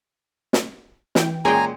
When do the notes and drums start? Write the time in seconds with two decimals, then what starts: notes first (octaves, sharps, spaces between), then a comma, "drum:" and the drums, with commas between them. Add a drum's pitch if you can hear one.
0.53 drum: snare
1.15 E3 G5, drum: snare
1.45 A#2 G#3 C#4 G#4 G5 G#5 A#5